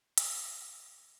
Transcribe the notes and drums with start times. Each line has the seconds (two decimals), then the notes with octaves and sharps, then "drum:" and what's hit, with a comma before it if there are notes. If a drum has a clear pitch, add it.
0.18 G4 D5 E5 G#5, drum: hi-hat
0.48 F#4 C5
0.70 G4 C#5 F5 F#5 A5